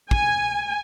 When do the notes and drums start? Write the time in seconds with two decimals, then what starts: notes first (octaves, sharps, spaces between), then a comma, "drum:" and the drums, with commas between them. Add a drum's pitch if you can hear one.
0.11 G#5, drum: kick